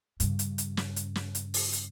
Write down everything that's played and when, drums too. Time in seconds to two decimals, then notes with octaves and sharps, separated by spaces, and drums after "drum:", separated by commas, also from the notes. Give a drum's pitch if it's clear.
0.20 G2 C#3, drum: hi-hat
0.39 drum: hi-hat
0.58 drum: hi-hat
0.77 drum: snare
0.96 drum: hi-hat
1.15 drum: snare
1.35 drum: hi-hat
1.54 drum: open hi-hat
1.73 drum: hi-hat